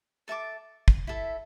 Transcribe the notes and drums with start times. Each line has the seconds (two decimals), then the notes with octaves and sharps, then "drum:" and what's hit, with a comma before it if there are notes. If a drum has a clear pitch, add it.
0.28 A4 E5 A5 D6
0.88 drum: kick
1.07 E4 A4 E5